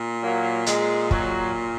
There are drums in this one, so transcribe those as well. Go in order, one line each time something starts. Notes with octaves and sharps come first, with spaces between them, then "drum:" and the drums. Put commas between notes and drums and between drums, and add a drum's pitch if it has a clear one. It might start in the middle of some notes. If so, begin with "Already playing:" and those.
Already playing: A#2
F#3 A#3
G#3, drum: hi-hat
F#3, drum: kick